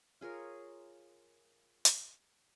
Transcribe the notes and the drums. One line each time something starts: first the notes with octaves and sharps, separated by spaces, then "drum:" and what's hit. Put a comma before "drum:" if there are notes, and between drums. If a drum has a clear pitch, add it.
F4 G#4 A#4 C#5
drum: hi-hat